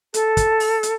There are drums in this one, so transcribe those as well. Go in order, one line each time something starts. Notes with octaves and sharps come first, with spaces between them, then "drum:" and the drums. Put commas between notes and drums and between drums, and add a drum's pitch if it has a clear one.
A4, drum: hi-hat
drum: kick, hi-hat
drum: open hi-hat
drum: hi-hat